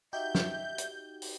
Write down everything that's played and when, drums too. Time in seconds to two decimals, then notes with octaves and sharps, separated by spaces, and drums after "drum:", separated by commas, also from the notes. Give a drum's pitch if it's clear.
0.13 D#4 F#4 G4 E5 G6
0.35 drum: snare
0.78 drum: hi-hat
1.22 drum: open hi-hat